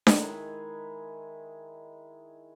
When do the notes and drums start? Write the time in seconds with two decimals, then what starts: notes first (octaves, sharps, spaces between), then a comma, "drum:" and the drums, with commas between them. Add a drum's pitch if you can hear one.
0.07 D#3 G#3 E4 G#4, drum: snare D4